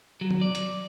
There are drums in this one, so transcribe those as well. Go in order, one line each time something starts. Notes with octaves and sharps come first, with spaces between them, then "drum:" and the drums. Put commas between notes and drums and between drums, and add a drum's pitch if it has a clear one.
F#3
drum: tom
D5
drum: hi-hat